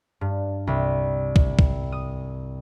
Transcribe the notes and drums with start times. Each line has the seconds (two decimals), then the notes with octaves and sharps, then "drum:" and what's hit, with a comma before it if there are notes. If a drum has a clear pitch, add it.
0.21 G2
0.67 C2
1.36 drum: kick
1.59 drum: kick
1.92 D#6